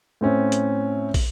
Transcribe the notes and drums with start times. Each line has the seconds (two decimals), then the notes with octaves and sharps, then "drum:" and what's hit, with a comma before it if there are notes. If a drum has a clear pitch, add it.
0.21 A2 C4 C#4
0.52 drum: hi-hat
1.14 drum: kick, open hi-hat